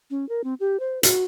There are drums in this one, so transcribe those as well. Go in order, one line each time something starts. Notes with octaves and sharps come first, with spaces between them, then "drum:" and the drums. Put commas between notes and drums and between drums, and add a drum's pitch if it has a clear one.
C#4
A#4
C4
G4
C5
F#4, drum: hi-hat